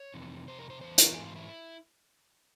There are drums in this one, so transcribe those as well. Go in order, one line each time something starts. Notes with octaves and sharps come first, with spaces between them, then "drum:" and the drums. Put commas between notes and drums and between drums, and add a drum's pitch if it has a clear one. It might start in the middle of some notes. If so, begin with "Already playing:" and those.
Already playing: C#5
F2 C3 E3
F2 C3 C5
A#4
C5
E2 E3 C5
A#4, drum: hi-hat
G#2 E3 G#4
F4
E4